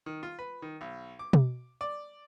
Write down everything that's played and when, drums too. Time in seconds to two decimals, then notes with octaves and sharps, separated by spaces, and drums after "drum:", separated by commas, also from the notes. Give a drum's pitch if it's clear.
0.06 D#3
0.23 F4
0.39 B4
0.62 D#3
0.81 B1
1.19 D6
1.33 drum: tom B2
1.81 D5